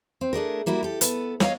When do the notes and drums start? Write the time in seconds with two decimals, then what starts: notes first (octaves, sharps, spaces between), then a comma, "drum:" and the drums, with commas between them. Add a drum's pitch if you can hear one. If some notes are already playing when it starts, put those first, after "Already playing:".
0.21 C4
0.33 A3 D4 G#4 A#4
0.66 G3 A#3 E4 F#4
0.83 G4 A4
1.01 B3 A4 B4, drum: hi-hat
1.40 C#5 D#5 F5, drum: snare